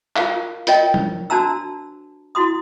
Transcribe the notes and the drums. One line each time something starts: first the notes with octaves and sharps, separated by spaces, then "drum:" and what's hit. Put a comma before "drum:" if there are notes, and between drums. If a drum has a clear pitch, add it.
F4 A#4 F5, drum: clap
F4 A#4 C#5 D#5 G5, drum: hi-hat
drum: tom F3
D4 F#4 C5 A5 A#5 E6
E4 F#4 C6 D#6